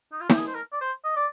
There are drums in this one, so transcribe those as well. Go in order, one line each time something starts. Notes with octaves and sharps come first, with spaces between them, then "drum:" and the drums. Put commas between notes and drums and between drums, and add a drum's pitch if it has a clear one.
D#4
F4
G4, drum: snare
G#4
C5
A#4
D5
C5
D#5
D5